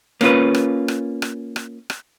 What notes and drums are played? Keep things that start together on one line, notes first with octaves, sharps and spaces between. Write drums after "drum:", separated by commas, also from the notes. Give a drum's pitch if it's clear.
A#3 C#4 F4 B4, drum: rim click
drum: rim click
drum: rim click
drum: rim click
drum: rim click
drum: rim click